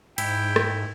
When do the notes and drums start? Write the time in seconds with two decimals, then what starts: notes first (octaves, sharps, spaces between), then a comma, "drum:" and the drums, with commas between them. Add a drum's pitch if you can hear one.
0.18 G#2 E4 G5, drum: cymbal
0.56 drum: rim click